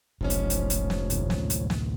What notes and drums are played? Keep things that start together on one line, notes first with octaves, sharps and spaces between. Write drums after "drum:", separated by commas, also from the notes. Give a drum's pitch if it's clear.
F1 B1 G#2 F3 C#4
drum: hi-hat
drum: hi-hat
drum: hi-hat
drum: snare
A1 D2 A2, drum: hi-hat
drum: snare
drum: hi-hat
drum: snare